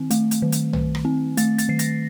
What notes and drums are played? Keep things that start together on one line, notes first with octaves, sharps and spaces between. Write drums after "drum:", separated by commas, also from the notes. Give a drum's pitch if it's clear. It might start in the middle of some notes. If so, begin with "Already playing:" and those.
Already playing: D#3 C4
A3, drum: hi-hat
drum: hi-hat
D#3
drum: hi-hat
D#3, drum: tom B1
drum: rim click
C4
A3 A6, drum: hi-hat
A6, drum: hi-hat
D#3 C7
A#6, drum: hi-hat